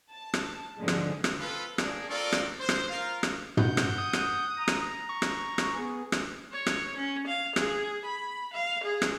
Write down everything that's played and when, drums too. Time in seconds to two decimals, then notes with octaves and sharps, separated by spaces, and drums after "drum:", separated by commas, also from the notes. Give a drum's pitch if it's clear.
0.11 A5
0.34 drum: rim click
0.78 G#2 D3 F3 G#3
0.88 drum: rim click
1.24 drum: rim click
1.39 C4 F4 A4 B4
1.78 A#3 D4 G#4, drum: rim click
2.09 C4 F4 A4 A#4 D5 C#6
2.32 drum: rim click
2.59 C5
2.69 drum: rim click
2.90 F4 A#4 F5
3.23 drum: rim click
3.57 F#5 G6, drum: tom
3.77 drum: rim click
3.98 D#6
4.13 drum: rim click
4.57 A#5
4.68 drum: rim click
5.09 C#6
5.22 drum: rim click
5.58 drum: rim click
5.75 B3 G#4
6.12 drum: rim click
6.52 C#5
6.67 drum: rim click
6.97 C#4
7.27 F5
7.56 G#4, drum: rim click
8.06 B5
8.54 F5
8.84 G#4
9.02 drum: rim click